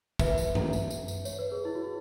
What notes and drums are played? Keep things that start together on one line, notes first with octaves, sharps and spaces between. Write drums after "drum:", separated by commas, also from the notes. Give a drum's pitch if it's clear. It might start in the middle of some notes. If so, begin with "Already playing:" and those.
B4 E5, drum: kick, tambourine
drum: tambourine
drum: tom
drum: tambourine
drum: tambourine
drum: tambourine
C#5, drum: tambourine
B4
G#4
E4
F#4
E4